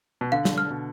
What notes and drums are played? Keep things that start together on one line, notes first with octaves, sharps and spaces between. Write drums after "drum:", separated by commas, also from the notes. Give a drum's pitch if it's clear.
B2
D3 F5
drum: snare
F6
B2